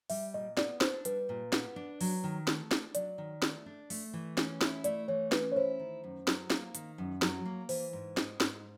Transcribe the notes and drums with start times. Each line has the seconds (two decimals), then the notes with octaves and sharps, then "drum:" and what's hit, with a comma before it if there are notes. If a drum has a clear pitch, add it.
0.10 G3 E5, drum: open hi-hat
0.34 A#2 D#5
0.57 B3 D5, drum: snare
0.81 D4 C5, drum: snare
1.05 G3 B4, drum: hi-hat
1.29 A#2
1.53 B3, drum: snare
1.76 D4
2.01 F#3, drum: open hi-hat
2.24 D#3
2.47 A3, drum: snare
2.71 D4, drum: snare
2.95 F#3 D5, drum: hi-hat
3.18 D#3
3.42 A3, drum: snare
3.66 D4
3.90 A3, drum: open hi-hat
4.13 E3
4.38 C#4, drum: snare
4.61 E4, drum: snare
4.84 A3 D5, drum: hi-hat
5.08 E3 C#5
5.32 C#4 B4, drum: snare
5.52 C#5
5.56 E4 C5
5.80 D#3
6.04 F#2
6.27 F#3, drum: snare
6.50 A#3, drum: snare
6.75 D#3, drum: hi-hat
6.98 F#2
7.22 F#3, drum: snare
7.45 A#3
7.69 E3 C5, drum: open hi-hat
7.93 G#2
8.17 G#3, drum: snare
8.40 G#2, drum: snare